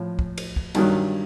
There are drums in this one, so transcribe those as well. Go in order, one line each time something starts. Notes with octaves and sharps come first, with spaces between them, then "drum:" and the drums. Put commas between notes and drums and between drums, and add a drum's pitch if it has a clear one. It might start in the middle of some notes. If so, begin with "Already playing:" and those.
Already playing: A2 F3
drum: kick
drum: cymbal
drum: kick
G2 D#3 F#3 G3, drum: cymbal